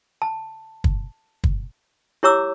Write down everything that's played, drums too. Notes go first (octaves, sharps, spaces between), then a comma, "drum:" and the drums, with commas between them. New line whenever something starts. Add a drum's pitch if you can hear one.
A5
drum: kick
drum: kick
E4 G4 C#5 A#5 D6 E6